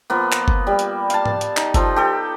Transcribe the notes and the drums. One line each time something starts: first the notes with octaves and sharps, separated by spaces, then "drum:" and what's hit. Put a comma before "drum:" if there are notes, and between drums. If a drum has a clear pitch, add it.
F3 A#3 B3
drum: clap
drum: kick F#1
G3
drum: hi-hat
F5 A5, drum: hi-hat
drum: tom G#2
drum: hi-hat
D#4, drum: clap
F3 A4, drum: kick F#1, hi-hat
G4 A4